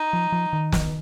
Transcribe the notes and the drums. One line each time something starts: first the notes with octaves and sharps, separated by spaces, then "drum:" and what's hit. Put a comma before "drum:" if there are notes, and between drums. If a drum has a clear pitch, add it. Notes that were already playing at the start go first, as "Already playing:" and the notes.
Already playing: D#4
F3
F3
D#3
drum: snare